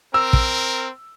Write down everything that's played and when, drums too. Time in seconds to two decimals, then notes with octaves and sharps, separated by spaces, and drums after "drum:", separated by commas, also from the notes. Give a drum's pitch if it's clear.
0.14 C4 A#4 E6
0.33 drum: kick